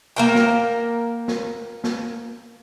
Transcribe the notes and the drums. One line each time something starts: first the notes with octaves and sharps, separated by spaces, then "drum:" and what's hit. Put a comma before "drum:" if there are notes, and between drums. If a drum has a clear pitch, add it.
A#3 A#4 G5
drum: snare
drum: snare
drum: snare